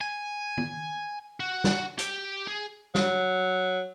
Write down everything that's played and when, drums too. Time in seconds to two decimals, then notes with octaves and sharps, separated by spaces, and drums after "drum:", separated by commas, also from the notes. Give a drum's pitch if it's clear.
0.01 G#5
0.57 drum: tom
1.40 F#4
1.64 drum: snare
1.99 G4 G5, drum: hi-hat
2.47 G#4
2.95 F#3, drum: snare